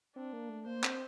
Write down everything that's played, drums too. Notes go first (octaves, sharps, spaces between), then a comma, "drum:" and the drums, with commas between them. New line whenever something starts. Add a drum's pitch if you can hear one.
C4 D4
A#3
A3
A#3 C5
C4, drum: clap